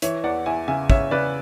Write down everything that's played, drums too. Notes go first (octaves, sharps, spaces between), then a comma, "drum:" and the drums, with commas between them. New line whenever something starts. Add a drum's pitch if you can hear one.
E3 C#5 E5, drum: hi-hat
E2 D5 F#5
E2 E5 G#5
C#3 E5 G#5
C#3 C#5 E5, drum: kick
C#3 B4 D5